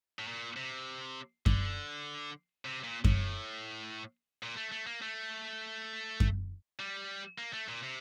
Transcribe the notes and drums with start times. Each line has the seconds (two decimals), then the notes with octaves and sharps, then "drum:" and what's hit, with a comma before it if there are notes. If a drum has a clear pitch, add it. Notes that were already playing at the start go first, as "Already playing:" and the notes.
0.19 A2
0.27 A#2
0.56 C3
1.46 D3, drum: kick F#2
2.65 C3
2.84 A#2
3.04 A2, drum: kick F#2
4.43 A#2
4.56 A3
4.72 A3
4.87 A#3
5.02 A3
6.20 drum: kick F#2
6.79 G3
7.38 A#3
7.53 A3
7.69 A#2
7.83 C3